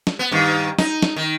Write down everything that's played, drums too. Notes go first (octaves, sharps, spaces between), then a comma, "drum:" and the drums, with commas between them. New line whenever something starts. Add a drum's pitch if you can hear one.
drum: snare
B3
G2 D#3
D#4, drum: snare
drum: snare
D#3